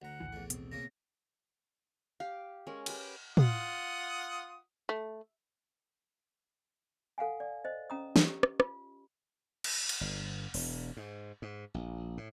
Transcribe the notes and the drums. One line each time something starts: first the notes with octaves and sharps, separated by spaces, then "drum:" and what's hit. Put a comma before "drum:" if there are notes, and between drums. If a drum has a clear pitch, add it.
D2 F#5 A#5
A#1 D#2 A2 E3
E2 A3
B2 C4, drum: hi-hat
C#3 A#3 C#4 A#6
G4 F5
G#3 C#4 A#4
G4 B4 G5, drum: cymbal
F4 F#5 D#6, drum: tom
A3
A4 F5 F#5 G#5
D5
C5 D#5
C#4 A#5 D#6
drum: snare
G4
drum: rim click
F4, drum: rim click
drum: cymbal
drum: cymbal
G1
E1, drum: open hi-hat
G#2
G#2
A#1
A2